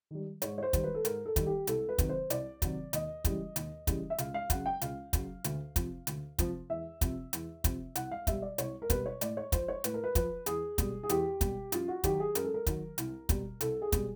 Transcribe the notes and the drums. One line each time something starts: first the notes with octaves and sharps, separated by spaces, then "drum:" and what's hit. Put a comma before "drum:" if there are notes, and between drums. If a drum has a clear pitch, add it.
D#3 G3
G#2 C#5, drum: hi-hat
C#5
C5
D#3 G3, drum: kick, hi-hat
B4
A4
G#2 A#4, drum: hi-hat
A4
D#3 G3, drum: kick, hi-hat
G4
C2 A4, drum: hi-hat
B4
C3 D#3 F#3, drum: kick, hi-hat
C5
C2 D5, drum: hi-hat
C3 D#3 F#3, drum: kick, hi-hat
D#2 D#5, drum: hi-hat
C#3 E3 G3, drum: kick, hi-hat
D#2, drum: hi-hat
C#3 E3 G3, drum: kick, hi-hat
E5
C#2 F5, drum: hi-hat
F5
C#3 F#3 F#5, drum: kick, hi-hat
G5
C#2 F5, drum: hi-hat
C#3 F#3, drum: kick, hi-hat
D2, drum: hi-hat
C3 F3, drum: kick, hi-hat
D2, drum: hi-hat
C3 F3, drum: kick, hi-hat
E2 E5
C3 F3, drum: kick, hi-hat
E2, drum: hi-hat
C3 F3, drum: kick, hi-hat
C2 F#5, drum: hi-hat
F5
B2 G3 E5, drum: kick, hi-hat
D5
C2 C#5, drum: hi-hat
A#4
B2 G3 B4, drum: kick, hi-hat
C#5
A2 D5, drum: hi-hat
C#5
F3 C5, drum: kick, hi-hat
C#5
A2 B4, drum: hi-hat
A#4
B4
F3 B4, drum: kick, hi-hat
E2 G#4, drum: hi-hat
B2 G3, drum: kick, hi-hat
G#4
E2 G4, drum: hi-hat
B2 G3, drum: kick, hi-hat
F#2 F4, drum: hi-hat
F#4
D#3 F#3 G4, drum: kick, hi-hat
G#4
F#2 A#4, drum: hi-hat
A4
A#4
D#3 F#3, drum: kick, hi-hat
C2, drum: hi-hat
B2 G3, drum: kick, hi-hat
C2 A4, drum: hi-hat
G#4
B2 G3, drum: kick, hi-hat